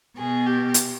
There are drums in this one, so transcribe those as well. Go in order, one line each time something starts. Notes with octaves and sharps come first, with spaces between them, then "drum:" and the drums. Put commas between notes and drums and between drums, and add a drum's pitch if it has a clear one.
B2 G#4
G4
drum: hi-hat